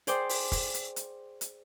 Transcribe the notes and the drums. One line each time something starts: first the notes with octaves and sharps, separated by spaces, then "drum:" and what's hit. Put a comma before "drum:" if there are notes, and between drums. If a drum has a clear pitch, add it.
G#4 C5 D5 G5 D6, drum: hi-hat
drum: open hi-hat
drum: kick, open hi-hat
drum: hi-hat
drum: hi-hat
drum: hi-hat